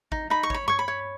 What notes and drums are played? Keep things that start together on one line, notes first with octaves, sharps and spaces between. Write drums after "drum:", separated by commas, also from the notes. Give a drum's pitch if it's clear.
D#4, drum: kick G#1
D#4 B5
C#6
C#5 B5, drum: kick G#1
C#5 C#6, drum: tom G2
B5
C#5